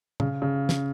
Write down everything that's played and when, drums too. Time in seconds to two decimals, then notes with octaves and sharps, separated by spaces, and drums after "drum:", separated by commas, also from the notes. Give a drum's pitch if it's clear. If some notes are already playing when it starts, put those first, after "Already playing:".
0.20 C#3, drum: tom A#2
0.42 C#3
0.69 drum: snare